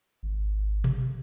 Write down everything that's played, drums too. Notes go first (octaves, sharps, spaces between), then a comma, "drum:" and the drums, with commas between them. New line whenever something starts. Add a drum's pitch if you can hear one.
G#1
drum: tom B2